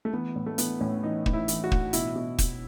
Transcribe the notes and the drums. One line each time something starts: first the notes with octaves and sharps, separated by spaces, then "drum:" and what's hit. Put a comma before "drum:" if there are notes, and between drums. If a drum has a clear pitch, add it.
A3
E3 B3
A2
A3
E3 B3, drum: hi-hat
A2 C#4
E3 D#4
A2, drum: kick
E4
E3, drum: hi-hat
F#4
A2, drum: kick
B2 E4, drum: hi-hat
B2
B2, drum: kick, hi-hat